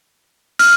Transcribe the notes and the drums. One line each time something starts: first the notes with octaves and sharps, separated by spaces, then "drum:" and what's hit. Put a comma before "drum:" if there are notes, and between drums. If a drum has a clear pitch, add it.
F6, drum: open hi-hat